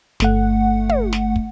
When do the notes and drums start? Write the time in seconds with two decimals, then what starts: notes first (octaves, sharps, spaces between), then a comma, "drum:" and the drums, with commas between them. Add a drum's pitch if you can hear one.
0.20 G1 A3 F#5, drum: snare
0.89 drum: tom
1.13 drum: snare
1.36 drum: kick